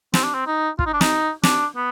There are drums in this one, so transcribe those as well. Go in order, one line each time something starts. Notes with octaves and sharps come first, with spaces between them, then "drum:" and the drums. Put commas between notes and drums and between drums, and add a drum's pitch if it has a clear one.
C4, drum: snare
D4
C4
D#4
F4, drum: kick
D#4
D4
D#4, drum: snare
D4, drum: snare
B3